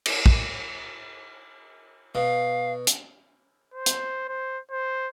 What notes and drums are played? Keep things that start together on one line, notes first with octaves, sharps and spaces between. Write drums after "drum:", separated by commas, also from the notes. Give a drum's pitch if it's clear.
drum: cymbal
drum: kick
B2 F5
drum: hi-hat
C5
drum: hi-hat
C5
C5